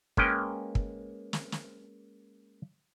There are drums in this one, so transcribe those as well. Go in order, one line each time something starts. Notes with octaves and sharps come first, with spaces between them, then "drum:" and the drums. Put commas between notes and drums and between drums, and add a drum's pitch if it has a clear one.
G#3 A#3 C#4 B4 G5, drum: kick
drum: kick
drum: snare
drum: snare